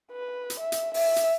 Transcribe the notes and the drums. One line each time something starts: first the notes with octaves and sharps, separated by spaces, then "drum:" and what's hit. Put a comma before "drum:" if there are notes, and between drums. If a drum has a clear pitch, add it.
B4
drum: hi-hat
E5
drum: hi-hat
E5, drum: open hi-hat
drum: hi-hat